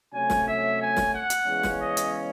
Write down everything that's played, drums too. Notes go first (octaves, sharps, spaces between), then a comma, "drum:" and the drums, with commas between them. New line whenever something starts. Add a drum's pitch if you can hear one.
C3 F#3 A3 C#4 G#5
drum: snare
E5
G#5
drum: snare
F#5
drum: hi-hat
E2 C#3 G#3 C#4
drum: snare
D#5
drum: hi-hat